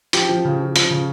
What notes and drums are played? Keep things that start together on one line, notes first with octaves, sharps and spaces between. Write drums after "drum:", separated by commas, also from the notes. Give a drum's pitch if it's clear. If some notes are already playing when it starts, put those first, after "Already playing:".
F3 G4, drum: hi-hat
F3
C#3
F3
F3, drum: hi-hat
C#3